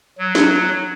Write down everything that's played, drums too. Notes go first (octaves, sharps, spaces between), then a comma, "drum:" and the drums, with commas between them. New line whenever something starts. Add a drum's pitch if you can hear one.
F#3
drum: snare